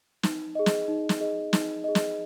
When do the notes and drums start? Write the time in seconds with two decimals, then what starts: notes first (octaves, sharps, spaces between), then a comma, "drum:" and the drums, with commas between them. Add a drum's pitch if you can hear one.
0.23 D#4, drum: snare
0.55 G#4 D#5
0.66 drum: snare
0.88 D#4
1.09 drum: snare
1.20 G#4 D#5
1.53 D#4, drum: snare
1.84 G#4 D#5
1.95 drum: snare